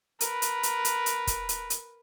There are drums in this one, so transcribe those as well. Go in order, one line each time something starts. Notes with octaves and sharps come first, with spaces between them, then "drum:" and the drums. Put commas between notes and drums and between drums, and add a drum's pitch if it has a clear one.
A#4 B4, drum: hi-hat
drum: hi-hat
drum: hi-hat
drum: hi-hat
drum: hi-hat
drum: kick, hi-hat
drum: hi-hat
drum: hi-hat